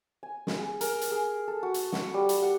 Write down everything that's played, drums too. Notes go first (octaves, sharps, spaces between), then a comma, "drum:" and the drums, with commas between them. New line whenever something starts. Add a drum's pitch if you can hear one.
G#5
drum: snare
G#4
A#4, drum: hi-hat
drum: hi-hat
G#4
A4
F#4
drum: hi-hat
F#5, drum: snare
G3
drum: hi-hat
F#5